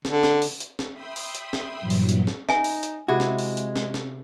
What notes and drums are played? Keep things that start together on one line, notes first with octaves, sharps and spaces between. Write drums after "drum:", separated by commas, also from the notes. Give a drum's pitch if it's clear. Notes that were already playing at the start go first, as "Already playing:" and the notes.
D3, drum: snare
drum: snare
drum: open hi-hat
drum: hi-hat
drum: snare
E5 G5 B5 C6 D#6
drum: open hi-hat
drum: hi-hat
drum: snare
G2 A#2 E3 F#3
drum: open hi-hat
drum: hi-hat
drum: snare
D#4 E5 G#5, drum: snare
drum: open hi-hat
drum: hi-hat
C3 G#3 E4 F#4 G#4
drum: snare
drum: open hi-hat
drum: hi-hat
drum: snare
drum: snare